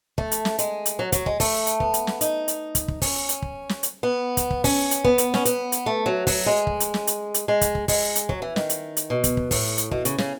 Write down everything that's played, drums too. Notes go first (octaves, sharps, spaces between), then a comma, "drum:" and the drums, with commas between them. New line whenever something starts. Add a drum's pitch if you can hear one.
A3, drum: kick
drum: hi-hat
drum: snare
G#3, drum: hi-hat
drum: hi-hat
F#3
F#3, drum: kick, hi-hat
G#3, drum: kick
A3, drum: kick, open hi-hat
drum: hi-hat
B3, drum: kick
drum: hi-hat
drum: snare
D#4, drum: hi-hat
drum: hi-hat
drum: kick, hi-hat
drum: kick
C#4, drum: kick, open hi-hat
drum: hi-hat
drum: kick
drum: snare
drum: hi-hat
B3
drum: kick, hi-hat
drum: kick
C#4, drum: kick, open hi-hat
drum: hi-hat
B3, drum: kick
drum: hi-hat
C#4, drum: snare
B3, drum: hi-hat
drum: hi-hat
A3
F#3
F#3, drum: kick, open hi-hat
G#3
drum: kick
drum: hi-hat
drum: snare
drum: hi-hat
drum: hi-hat
G#3
drum: kick, hi-hat
drum: kick
G#3, drum: kick, open hi-hat
drum: hi-hat
F#3, drum: kick
E3
D#3, drum: snare
drum: hi-hat
drum: hi-hat
B2
drum: kick, hi-hat
drum: kick
A2, drum: kick, open hi-hat
drum: hi-hat
B2, drum: kick
C#3, drum: hi-hat
C#3, drum: snare